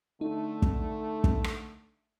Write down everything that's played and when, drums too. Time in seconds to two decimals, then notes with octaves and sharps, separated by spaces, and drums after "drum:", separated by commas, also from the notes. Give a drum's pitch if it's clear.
0.21 D3 A3 D#4
0.62 drum: kick
1.24 drum: kick
1.44 drum: rim click